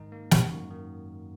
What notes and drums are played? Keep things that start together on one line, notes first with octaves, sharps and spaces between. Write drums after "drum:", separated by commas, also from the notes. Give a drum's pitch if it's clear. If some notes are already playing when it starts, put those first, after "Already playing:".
Already playing: G#2 D#3 D#4
A#3
F#2, drum: snare
F#2 F#4
D#3